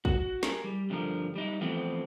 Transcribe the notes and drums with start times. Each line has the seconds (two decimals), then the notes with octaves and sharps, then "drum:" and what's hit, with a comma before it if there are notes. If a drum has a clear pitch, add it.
0.05 F#4, drum: kick
0.43 E4 G#4 A#4, drum: snare
0.64 G3
0.90 G2 D3 F3 G3 A#4
1.36 G3 D#4 E4
1.61 E3 F3 A3 B3 C4